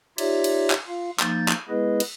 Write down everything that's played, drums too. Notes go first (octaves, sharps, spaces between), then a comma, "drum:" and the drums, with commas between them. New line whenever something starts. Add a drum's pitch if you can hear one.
D#4 F4 G4 C#5 D5 E5, drum: cymbal
drum: cymbal
drum: clap
F4 F5
F3 A#3 D#4 G6 A6, drum: clap
drum: clap
G#3 B3 E4 G#4 B4 D#5
drum: cymbal